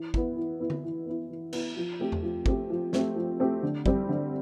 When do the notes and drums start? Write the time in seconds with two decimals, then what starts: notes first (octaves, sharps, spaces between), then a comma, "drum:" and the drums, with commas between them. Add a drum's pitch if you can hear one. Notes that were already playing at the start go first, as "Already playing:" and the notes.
Already playing: E3
0.14 B3 E4, drum: kick
0.36 E3
0.60 B3 E4
0.70 drum: tom D3
0.83 E3
1.06 B3 E4
1.30 E3
1.53 B3 E4, drum: cymbal
1.76 F3
2.00 A3 C4 G4
2.12 drum: tom E2
2.23 F3
2.46 A3 C4 G4, drum: kick
2.70 F3
2.93 A3 C4 G4, drum: snare
3.16 F3
3.40 A3 C4 G4
3.63 D3
3.86 G3 C4 G4, drum: kick
4.09 D3